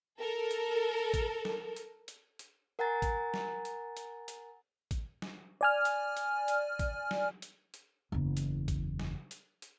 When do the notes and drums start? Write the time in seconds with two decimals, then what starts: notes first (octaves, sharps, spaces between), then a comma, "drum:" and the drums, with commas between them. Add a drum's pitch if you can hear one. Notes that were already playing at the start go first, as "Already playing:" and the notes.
0.19 A4 A#4
0.51 drum: hi-hat
1.14 drum: kick, hi-hat
1.45 drum: snare
1.77 drum: hi-hat
2.08 drum: hi-hat
2.39 drum: hi-hat
2.79 A#4 F#5 G#5 A#5 A6
3.02 drum: kick, hi-hat
3.34 drum: snare
3.65 drum: hi-hat
3.97 drum: hi-hat
4.28 drum: hi-hat
4.91 drum: kick, hi-hat
5.22 drum: snare
5.61 D5 G#5 F6
5.85 drum: hi-hat
6.17 drum: hi-hat
6.48 drum: hi-hat
6.79 drum: kick, hi-hat
7.11 drum: snare
7.42 drum: hi-hat
7.74 drum: hi-hat
8.12 F#1 E2
8.37 drum: hi-hat
8.68 drum: kick, hi-hat
8.99 drum: snare
9.31 drum: hi-hat
9.62 drum: hi-hat